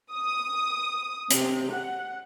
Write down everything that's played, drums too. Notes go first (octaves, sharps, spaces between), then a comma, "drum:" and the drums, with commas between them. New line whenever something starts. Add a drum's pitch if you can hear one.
D#6
C3, drum: hi-hat
F#5